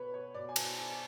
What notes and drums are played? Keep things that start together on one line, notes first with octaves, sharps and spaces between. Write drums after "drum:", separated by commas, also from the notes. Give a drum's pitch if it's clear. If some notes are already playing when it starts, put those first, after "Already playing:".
Already playing: B2 B4 C#5
C#5
B2 D5
G#5
A5, drum: cymbal
G#5